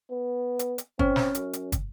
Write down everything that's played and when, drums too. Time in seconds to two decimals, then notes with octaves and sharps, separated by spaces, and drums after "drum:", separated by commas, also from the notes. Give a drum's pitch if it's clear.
0.10 B3
0.59 drum: hi-hat
0.78 drum: hi-hat
0.99 C4 C#4, drum: kick
1.16 drum: snare
1.35 F#2, drum: hi-hat
1.53 drum: hi-hat
1.72 drum: kick, hi-hat